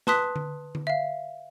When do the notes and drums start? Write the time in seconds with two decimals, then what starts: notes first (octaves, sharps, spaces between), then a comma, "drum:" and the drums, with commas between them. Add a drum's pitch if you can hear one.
0.07 B4 A5 C6 D#6 F#6 B6, drum: snare
0.36 drum: tom D3
0.75 drum: tom D3
0.87 E5 F5